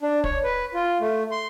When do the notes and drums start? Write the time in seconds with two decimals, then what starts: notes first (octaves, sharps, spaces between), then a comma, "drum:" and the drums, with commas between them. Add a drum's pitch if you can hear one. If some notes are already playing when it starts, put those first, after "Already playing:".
0.02 D4
0.24 C#5, drum: kick
0.44 B4
0.74 F4
1.01 A3
1.31 C6